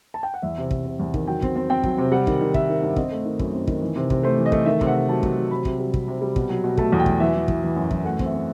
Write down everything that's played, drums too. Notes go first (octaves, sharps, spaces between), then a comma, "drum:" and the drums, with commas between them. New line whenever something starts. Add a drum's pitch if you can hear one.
A5
G5
F#5
E2 E5
C3
C3, drum: kick
C3
E2
D#3, drum: kick
F#3 G5
C4, drum: kick
C4
C4 G5
F#3, drum: kick
C3
G3 F#5
D#3, drum: kick
D#3
D#3 E5, drum: kick
D#3
G2
C4 D#5, drum: kick
A3
D#3
F#2, drum: kick
C4
D#3, drum: kick
E3
C3
C3, drum: kick
A3 C5
E3
D#5
A3, drum: kick
D#3 E5
C3, drum: kick
F#5
C3
F#3 A5
F#3, drum: kick
F#3
C3 B5
C3, drum: kick
G3
C3, drum: kick
C3
G3
B2, drum: kick
F#3
B2
A3 A5, drum: kick
E2
G5
F#3, drum: kick
E3 E5
E3
E3, drum: kick
E3
F#2
E3, drum: kick
A3 F#5
C4, drum: kick
E5
C4